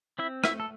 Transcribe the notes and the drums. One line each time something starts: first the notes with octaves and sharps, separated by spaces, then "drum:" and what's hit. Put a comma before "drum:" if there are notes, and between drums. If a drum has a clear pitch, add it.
C4 E4 E5
A3 E4 E5, drum: rim click
A4